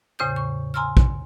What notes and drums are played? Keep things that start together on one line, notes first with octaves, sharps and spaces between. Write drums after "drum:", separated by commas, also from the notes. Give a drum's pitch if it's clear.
E2 A2 C#3 C5 D#6 G6
C#6
G#5 A#5 C6 E6 F6
drum: kick